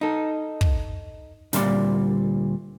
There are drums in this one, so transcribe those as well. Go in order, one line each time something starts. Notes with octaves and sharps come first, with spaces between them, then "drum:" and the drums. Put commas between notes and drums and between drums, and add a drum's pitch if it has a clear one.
D#4 A4
drum: kick
D2 A#2 G3 C4 D5 C6, drum: snare